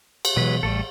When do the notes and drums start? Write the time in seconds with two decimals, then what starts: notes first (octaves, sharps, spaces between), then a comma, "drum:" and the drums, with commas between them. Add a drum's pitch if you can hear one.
0.25 drum: cymbal
0.36 B2 E3 F#3 G#3 B4
0.63 A1 G3 A3 A4